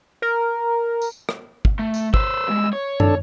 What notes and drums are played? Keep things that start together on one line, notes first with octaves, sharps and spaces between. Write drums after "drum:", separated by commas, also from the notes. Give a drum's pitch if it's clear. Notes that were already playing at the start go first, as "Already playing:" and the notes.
A#4
drum: tambourine
drum: rim click
drum: kick
A3
drum: tambourine
B4 C5 E6, drum: kick
G3 G#3
C#5
D4 A4, drum: tom